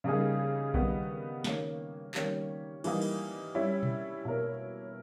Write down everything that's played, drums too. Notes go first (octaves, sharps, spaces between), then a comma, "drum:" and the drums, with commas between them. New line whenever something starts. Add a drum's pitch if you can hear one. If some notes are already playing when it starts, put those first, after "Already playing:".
C#3 G3 A#3 D#4 G#4
D#3 G3 B3 D#4, drum: kick A#1
D#3 A#3 C#4, drum: snare
D#3 G3 A#3 C#4 G4, drum: clap
E3 G3 A#3 D#4, drum: cymbal
drum: cymbal
G3 C#4 E4
drum: tom B2
B2 A#3 E4 A#4 C#5